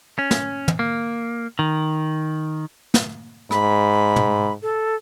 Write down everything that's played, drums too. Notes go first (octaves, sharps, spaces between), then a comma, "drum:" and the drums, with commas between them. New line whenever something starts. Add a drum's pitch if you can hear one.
C#4
drum: snare
drum: tom
A#3
D#3
drum: snare
G#2 B5, drum: rim click
drum: tom
A4